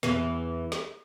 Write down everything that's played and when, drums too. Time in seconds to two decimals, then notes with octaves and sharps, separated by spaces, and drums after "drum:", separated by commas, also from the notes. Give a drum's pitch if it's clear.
0.03 E2 E3, drum: snare
0.72 drum: snare